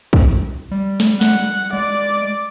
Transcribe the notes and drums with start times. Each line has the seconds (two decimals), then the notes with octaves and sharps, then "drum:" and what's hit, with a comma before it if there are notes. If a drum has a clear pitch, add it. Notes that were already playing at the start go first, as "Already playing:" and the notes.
0.13 drum: kick
0.71 G3
1.00 drum: snare
1.21 F#5, drum: snare
1.73 G#3 D5